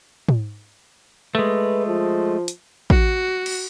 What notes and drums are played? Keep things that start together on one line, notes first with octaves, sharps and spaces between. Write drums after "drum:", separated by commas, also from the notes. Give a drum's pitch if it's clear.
drum: tom
G#3 A3 B4
F3
drum: hi-hat
F#4, drum: kick
drum: cymbal